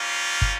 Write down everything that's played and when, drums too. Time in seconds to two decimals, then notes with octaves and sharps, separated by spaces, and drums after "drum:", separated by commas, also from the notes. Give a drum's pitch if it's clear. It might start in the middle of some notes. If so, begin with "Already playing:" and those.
Already playing: G3 A#3 C#4 F4
0.42 drum: kick